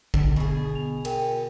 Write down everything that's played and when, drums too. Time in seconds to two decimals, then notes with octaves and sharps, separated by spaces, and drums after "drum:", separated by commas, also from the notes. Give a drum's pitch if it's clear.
0.14 D3, drum: kick
0.36 B2 G#4
0.75 F7
1.05 A#4 G5, drum: cymbal